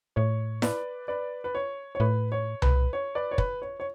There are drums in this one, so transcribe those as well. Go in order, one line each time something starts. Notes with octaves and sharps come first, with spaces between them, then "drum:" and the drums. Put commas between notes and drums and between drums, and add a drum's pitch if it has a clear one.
A2 C#5
B4 D5, drum: snare E4
B4 D5
B4
C#5
C#5
A2 B4
C#5
B4, drum: tom C2
C#5
B4 D5
C#5
B4, drum: kick
C#5
C#5